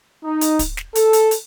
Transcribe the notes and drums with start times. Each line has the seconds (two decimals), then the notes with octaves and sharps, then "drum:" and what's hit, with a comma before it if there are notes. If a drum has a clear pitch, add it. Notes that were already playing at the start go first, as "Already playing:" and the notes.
0.23 D#4
0.41 drum: hi-hat
0.59 drum: kick, hi-hat
0.77 drum: snare
0.95 A4, drum: hi-hat
1.13 drum: hi-hat
1.31 drum: hi-hat